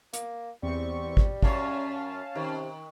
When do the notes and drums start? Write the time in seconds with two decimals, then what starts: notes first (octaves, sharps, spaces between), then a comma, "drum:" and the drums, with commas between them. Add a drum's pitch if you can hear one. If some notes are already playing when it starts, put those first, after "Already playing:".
0.13 A#3, drum: hi-hat
0.63 E2 G3 C4 C#6
1.17 drum: kick
1.42 F#2 C#4 C#5 F5 A5, drum: kick
2.35 C3 D#3